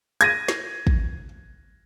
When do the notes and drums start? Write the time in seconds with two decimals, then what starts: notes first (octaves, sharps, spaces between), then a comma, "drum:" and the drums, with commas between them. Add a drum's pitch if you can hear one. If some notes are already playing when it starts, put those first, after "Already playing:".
0.21 G#6 A#6 D#7, drum: hi-hat
0.48 drum: snare
0.87 drum: kick